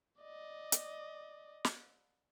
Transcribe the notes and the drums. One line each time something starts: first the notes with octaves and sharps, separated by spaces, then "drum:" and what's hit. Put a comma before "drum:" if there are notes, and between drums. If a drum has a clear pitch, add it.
D5 D#5
drum: hi-hat
drum: snare